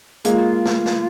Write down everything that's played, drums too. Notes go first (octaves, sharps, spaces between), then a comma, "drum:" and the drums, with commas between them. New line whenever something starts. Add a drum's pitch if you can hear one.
G#3 A#3 F4, drum: hi-hat
drum: snare
drum: snare